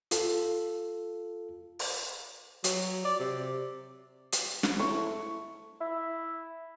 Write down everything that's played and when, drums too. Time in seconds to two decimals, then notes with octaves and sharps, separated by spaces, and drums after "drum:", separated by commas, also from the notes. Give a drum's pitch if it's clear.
0.11 F4 A4, drum: hi-hat
1.79 drum: open hi-hat
2.64 F#3, drum: hi-hat
3.05 D5
3.20 C3
4.33 drum: hi-hat
4.63 drum: snare
4.80 G#2 A3 E4 C#6
5.81 E4